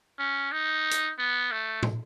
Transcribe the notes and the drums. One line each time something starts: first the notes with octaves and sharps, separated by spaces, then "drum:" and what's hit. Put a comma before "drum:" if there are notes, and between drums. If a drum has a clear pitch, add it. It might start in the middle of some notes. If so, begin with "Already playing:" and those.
C#4
D#4
drum: hi-hat
B3
A3
drum: tom